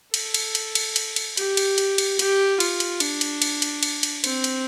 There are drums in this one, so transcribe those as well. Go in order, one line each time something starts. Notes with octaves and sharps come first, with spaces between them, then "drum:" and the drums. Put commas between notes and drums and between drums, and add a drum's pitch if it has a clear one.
A4, drum: cymbal
drum: cymbal
drum: cymbal
drum: cymbal
drum: cymbal
drum: cymbal
G4, drum: cymbal
drum: cymbal
drum: cymbal
drum: cymbal
G4, drum: cymbal
F4, drum: cymbal
drum: cymbal
D4, drum: cymbal
drum: cymbal
drum: cymbal
drum: cymbal
drum: cymbal
drum: cymbal
C4, drum: cymbal
drum: cymbal